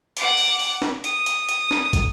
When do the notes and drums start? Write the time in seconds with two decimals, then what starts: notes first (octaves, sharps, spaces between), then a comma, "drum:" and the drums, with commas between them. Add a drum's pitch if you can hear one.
0.17 F#5 D6, drum: hi-hat
0.37 drum: open hi-hat
0.59 drum: open hi-hat
0.82 drum: snare
1.04 D#6, drum: hi-hat
1.26 drum: hi-hat
1.49 drum: hi-hat
1.71 drum: snare
1.93 drum: kick, hi-hat